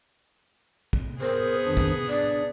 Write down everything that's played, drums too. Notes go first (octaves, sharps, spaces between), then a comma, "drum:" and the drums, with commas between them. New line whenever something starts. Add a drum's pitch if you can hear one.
drum: kick
B3 G#4 A#4 C5
F2 D#3 D4
drum: kick
D4 D5